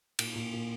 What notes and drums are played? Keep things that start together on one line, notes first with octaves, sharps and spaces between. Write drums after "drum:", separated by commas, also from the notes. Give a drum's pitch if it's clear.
A#2, drum: cymbal
A#2
A#2